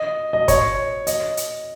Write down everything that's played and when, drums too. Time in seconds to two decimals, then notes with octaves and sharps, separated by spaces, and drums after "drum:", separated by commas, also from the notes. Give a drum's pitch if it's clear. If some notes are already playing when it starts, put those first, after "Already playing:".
Already playing: D#5
0.33 D#5
0.48 C#5, drum: kick, hi-hat
1.07 D#5, drum: hi-hat
1.37 drum: hi-hat